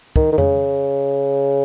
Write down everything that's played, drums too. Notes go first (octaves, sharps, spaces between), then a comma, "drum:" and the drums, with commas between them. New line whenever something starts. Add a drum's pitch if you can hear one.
D#3, drum: kick
D#3
C#3, drum: tom F2